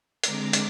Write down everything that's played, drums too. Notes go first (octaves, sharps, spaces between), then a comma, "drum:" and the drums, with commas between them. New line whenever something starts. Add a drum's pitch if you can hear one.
D3 G#3 C4 A#5 D6, drum: hi-hat
drum: hi-hat